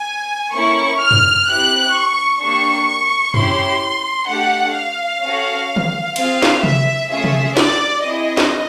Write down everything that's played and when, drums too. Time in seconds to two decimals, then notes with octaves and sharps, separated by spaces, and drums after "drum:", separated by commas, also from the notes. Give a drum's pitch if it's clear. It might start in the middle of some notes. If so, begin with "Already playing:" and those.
Already playing: G#5
0.53 A#3 C#4 E4 A4 C#6
1.00 F6
1.11 drum: tom F#2
1.46 C4 E4 G4 F#6
1.94 C#6
2.40 A#3 D4 G4 C#6
3.34 C#4 E4 G4 C6, drum: tom F#2
4.29 A3 D4 G4 F#5
4.75 F5
5.22 C#4 F#4 A4
5.76 drum: tom D3
6.16 C4 F4 G#4 F5, drum: cymbal
6.43 drum: snare
6.64 E5, drum: tom C3
7.10 A3 C#4 F4 G#4 E5
7.24 drum: tom C3
7.57 D5, drum: snare
8.04 C4 E4 G#4 D#5
8.37 drum: snare